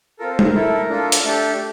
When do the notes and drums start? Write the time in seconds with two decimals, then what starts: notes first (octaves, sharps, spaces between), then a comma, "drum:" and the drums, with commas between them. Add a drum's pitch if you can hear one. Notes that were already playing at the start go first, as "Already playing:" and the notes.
0.19 C4 F4 A4 A#4
0.30 C5
0.39 A#4, drum: tom G3
0.54 A3 E4 A4
0.89 D4 F4 A4
1.12 drum: hi-hat
1.24 A3 D4 G4 A4